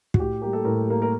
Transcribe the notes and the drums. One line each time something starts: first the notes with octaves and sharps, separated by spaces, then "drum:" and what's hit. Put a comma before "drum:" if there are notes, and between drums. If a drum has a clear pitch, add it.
F#4, drum: kick
A2 G4
G3 A#3 G4
A4
A2 A#4
G3 A#3
A#4